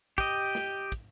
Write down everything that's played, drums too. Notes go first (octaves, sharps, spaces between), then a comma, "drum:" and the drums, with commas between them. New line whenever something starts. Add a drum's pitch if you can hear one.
G4 D#5, drum: kick, hi-hat
drum: snare
drum: kick, hi-hat